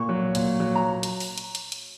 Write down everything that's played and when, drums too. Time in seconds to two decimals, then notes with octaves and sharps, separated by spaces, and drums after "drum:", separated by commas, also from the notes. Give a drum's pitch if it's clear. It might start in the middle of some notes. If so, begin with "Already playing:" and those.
Already playing: A#2 C#6
0.09 F#3
0.35 A#2, drum: hi-hat
0.60 F#3
0.75 A#5
1.03 drum: hi-hat
1.20 drum: open hi-hat
1.38 drum: hi-hat
1.55 drum: hi-hat
1.72 drum: hi-hat